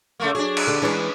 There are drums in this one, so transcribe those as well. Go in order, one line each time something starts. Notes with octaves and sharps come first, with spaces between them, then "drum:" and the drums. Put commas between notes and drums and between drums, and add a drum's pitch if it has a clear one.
C#3 A3 A#3
F#3 D4 G#4
drum: cymbal
D3 G4
E3 G#3 C#4 D4